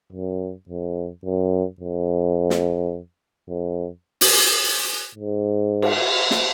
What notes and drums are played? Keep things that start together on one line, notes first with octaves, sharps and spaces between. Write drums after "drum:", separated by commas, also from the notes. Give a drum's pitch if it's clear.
F#2
F2
F#2
F2
drum: snare
F2
drum: open hi-hat
G#2
drum: cymbal
drum: snare